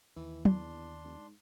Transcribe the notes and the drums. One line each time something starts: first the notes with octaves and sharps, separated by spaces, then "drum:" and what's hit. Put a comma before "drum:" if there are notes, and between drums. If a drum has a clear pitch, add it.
D#2 E3
E2 D4 C6, drum: tom
F1
G#2